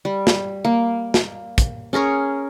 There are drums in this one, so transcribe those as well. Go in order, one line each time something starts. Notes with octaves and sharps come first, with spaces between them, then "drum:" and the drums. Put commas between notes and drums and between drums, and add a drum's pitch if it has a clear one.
G3
drum: snare
A#3
drum: snare
drum: kick, hi-hat
C#4 G#4 A#4 C#5